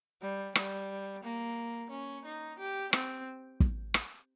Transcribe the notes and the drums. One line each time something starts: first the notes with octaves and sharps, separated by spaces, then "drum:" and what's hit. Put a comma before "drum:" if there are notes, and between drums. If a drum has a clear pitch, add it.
G3
G3, drum: rim click
A#3
C#4
D#4
G4
C4, drum: rim click
drum: kick
drum: rim click